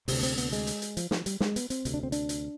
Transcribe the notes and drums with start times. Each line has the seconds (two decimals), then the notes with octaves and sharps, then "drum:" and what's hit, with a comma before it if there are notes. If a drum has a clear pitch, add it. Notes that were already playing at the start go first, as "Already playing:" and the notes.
0.08 D2 C3 C4, drum: open hi-hat
0.23 C4, drum: hi-hat
0.38 B3, drum: hi-hat
0.53 G#3, drum: hi-hat
0.67 drum: hi-hat
0.82 drum: hi-hat
0.97 F3, drum: hi-hat
1.11 F3, drum: snare
1.26 G3, drum: hi-hat
1.40 G#3, drum: snare
1.56 B3, drum: hi-hat
1.70 C4, drum: hi-hat
1.85 D2 C3, drum: hi-hat
1.94 D4
2.03 C4
2.12 D4, drum: hi-hat
2.29 drum: hi-hat